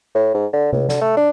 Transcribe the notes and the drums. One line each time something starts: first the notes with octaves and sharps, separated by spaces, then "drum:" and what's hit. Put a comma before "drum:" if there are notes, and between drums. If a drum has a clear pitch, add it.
A2
G#2
D3
C#2, drum: tom C3
D3, drum: snare
A3
D4